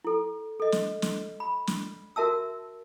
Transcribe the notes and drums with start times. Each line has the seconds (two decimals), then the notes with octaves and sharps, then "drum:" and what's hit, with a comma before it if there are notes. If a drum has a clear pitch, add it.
0.04 E4 A4
0.60 A4 D#5
0.72 drum: snare
1.02 drum: snare
1.40 B5
1.67 drum: snare
2.16 F#4 A#4 E5 A5 E6